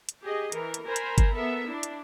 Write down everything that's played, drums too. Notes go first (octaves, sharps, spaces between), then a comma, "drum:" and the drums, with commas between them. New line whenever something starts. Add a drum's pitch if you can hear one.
drum: hi-hat
G4 G#4 D#5
E3 A#4, drum: hi-hat
drum: hi-hat
A#4 C5 G#5 A#5 B5
drum: hi-hat
drum: kick G1, hi-hat
B3 A4 A#4 E5
D4 E4
drum: hi-hat